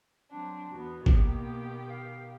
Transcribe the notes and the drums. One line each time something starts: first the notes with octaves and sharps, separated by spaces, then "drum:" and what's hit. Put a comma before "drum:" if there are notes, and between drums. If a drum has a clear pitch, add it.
F#3 C4 D4
E2 B3 F#4
B2 D#3 A#3 G4, drum: kick
F5